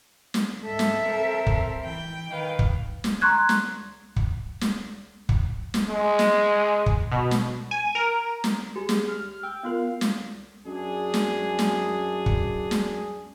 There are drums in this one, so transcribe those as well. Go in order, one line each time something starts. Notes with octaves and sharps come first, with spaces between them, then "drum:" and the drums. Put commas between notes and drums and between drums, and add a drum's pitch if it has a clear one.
drum: snare
G#2 A4 E5
drum: snare
C4 A#4
drum: kick
E3 G5
D#3 B4 F5
drum: kick
drum: snare
A#5 C6 C#6 F#6 G#6
drum: snare
drum: kick
drum: snare
drum: kick
drum: snare
G#3
drum: snare
drum: kick
B2
drum: snare
G#5
A#4
drum: snare
G4 G#4
drum: snare
F6
G5 E6
B3 F4 A#4 F5
drum: snare
F#2 D4 G#4
drum: snare
drum: snare
drum: kick
drum: snare